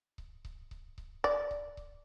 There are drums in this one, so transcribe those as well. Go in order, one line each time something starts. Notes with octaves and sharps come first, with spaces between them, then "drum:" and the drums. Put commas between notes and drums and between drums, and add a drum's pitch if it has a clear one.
drum: kick C#1
drum: kick C#1
drum: kick C#1
drum: kick C#1
D5, drum: kick C#1
drum: kick C#1
drum: kick C#1